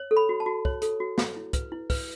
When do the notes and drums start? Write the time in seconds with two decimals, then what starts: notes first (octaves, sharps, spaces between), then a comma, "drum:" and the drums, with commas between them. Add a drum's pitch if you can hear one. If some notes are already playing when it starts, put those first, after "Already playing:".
Already playing: C#5
0.11 A4
0.17 B5
0.29 F#4
0.40 A5
0.46 F#4
0.65 C#5, drum: kick
0.82 A4, drum: hi-hat
1.00 F#4
1.18 F#4, drum: snare
1.37 E4
1.53 B4, drum: kick, hi-hat
1.72 E4
1.90 B4, drum: kick, open hi-hat